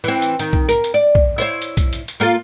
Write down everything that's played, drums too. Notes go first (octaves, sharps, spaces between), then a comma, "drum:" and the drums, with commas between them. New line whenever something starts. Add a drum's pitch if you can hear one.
E3 C4
drum: hi-hat
D#3, drum: hi-hat
drum: kick
A#4, drum: hi-hat
drum: hi-hat
D5
drum: kick
E4 C5 C#5
drum: hi-hat
drum: kick, hi-hat
drum: hi-hat
drum: hi-hat
A#3 F4 A4